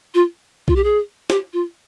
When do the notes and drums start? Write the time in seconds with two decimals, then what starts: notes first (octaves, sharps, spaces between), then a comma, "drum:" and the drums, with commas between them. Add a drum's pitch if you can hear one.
0.14 F4
0.68 F4, drum: kick B1
0.76 G4
0.84 G#4
1.30 G4, drum: snare
1.53 F4